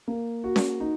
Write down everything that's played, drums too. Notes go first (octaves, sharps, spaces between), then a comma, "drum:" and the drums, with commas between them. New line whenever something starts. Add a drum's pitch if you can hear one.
A#3
F#4
drum: snare C#4
D#4